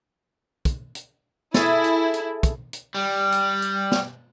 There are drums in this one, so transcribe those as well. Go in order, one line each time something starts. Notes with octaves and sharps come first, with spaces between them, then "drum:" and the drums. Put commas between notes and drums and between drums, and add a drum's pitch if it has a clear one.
drum: kick, hi-hat
drum: hi-hat
E4 G#4 A4, drum: snare
drum: hi-hat
drum: hi-hat
drum: kick, hi-hat
drum: hi-hat
G3
drum: hi-hat
drum: hi-hat
drum: snare